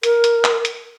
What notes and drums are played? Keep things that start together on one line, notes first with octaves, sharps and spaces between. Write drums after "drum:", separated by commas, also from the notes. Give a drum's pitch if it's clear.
A#4, drum: hi-hat
drum: hi-hat
drum: clap
drum: hi-hat